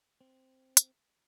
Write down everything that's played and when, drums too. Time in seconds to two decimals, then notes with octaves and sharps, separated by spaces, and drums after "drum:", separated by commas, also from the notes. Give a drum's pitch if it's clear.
0.21 C4
0.77 drum: hi-hat